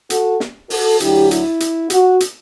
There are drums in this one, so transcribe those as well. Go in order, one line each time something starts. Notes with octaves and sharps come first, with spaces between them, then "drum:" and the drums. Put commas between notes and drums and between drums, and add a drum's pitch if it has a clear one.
F#4 A4, drum: hi-hat
drum: snare
F#4 A4, drum: open hi-hat
D2 D3 F#3 E4 G4, drum: hi-hat
E4, drum: hi-hat
drum: hi-hat
F#4, drum: hi-hat
drum: hi-hat